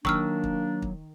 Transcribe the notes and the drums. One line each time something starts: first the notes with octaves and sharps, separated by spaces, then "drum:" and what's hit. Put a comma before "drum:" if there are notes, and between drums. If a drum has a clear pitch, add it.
D#3 F#3 A#3 D4 C#6 E6 F6, drum: kick
drum: kick
drum: kick